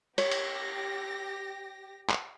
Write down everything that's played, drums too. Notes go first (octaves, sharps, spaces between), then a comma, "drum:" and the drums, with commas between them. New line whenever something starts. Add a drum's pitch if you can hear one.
G4 C#5 A#6, drum: cymbal
drum: cymbal
drum: clap